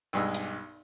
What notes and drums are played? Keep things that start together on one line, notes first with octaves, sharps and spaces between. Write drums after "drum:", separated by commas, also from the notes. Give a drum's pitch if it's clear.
B1 G2 G#3 E6
drum: hi-hat